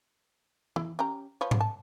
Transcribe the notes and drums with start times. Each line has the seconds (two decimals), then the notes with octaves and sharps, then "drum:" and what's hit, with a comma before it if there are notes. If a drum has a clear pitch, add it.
0.76 E4, drum: tom E3
0.99 C#4 G4 A#5
1.41 F3 B4 C#5
1.51 drum: tom G#2
1.61 A5